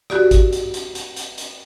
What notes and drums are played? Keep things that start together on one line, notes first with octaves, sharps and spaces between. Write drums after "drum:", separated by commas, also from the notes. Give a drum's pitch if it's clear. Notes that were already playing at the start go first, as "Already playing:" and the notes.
F#4 G4 D5, drum: rim click
drum: kick, hi-hat
drum: hi-hat
drum: hi-hat
drum: hi-hat
drum: hi-hat
drum: hi-hat